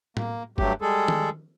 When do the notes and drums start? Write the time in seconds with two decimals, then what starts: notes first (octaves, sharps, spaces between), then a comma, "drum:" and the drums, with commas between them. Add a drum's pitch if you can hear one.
0.17 A#3, drum: tom A2
0.58 G2 F#3 A3 G4, drum: kick
0.82 G3 G#3 G#4 A4
1.08 drum: tom D#3